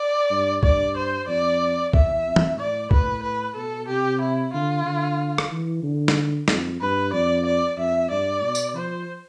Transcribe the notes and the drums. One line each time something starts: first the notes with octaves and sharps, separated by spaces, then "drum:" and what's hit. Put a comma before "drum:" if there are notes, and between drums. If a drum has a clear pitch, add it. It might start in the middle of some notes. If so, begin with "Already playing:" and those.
Already playing: D5
G2
G2 D5, drum: kick
C5
F2 D5
E2 E5, drum: kick
F2
drum: tom
A2 D5
A2 B4, drum: kick
B4
B2 A4
C3 G4
E4
D3 F4
D3
drum: rim click
E3
D3
drum: snare
F2, drum: snare
G2 B4
F2 D5
D5
F2 E5
G2 D5
B2
drum: tambourine
F3 C5